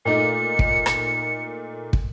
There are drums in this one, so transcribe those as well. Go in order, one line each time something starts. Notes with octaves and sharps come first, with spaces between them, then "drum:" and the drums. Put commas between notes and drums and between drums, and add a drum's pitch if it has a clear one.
A#2 A3 D#4 C#7
drum: kick
drum: rim click
drum: kick